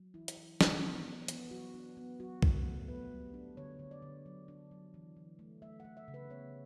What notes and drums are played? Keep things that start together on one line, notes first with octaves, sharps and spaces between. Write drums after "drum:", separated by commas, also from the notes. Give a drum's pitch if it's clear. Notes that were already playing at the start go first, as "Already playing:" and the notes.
Already playing: F#3
E3 E4
drum: hi-hat
E3
E3, drum: snare
B3
B3
B3, drum: hi-hat
F#3 F#4
D4
B3
F#3 F#4
F#3, drum: kick C2
A3
B3 B4
G3
D4
D3 C#5
D3
D5
D3
F#3
D4
F#3
E3
E3
A3
A3 E5
A3 F#5
E5
C#3
B4
B3 C#5